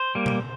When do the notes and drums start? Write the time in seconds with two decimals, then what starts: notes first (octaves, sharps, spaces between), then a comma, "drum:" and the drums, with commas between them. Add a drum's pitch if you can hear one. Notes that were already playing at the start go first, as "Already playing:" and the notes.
Already playing: C5
0.15 G3 A#3
0.26 drum: tom B2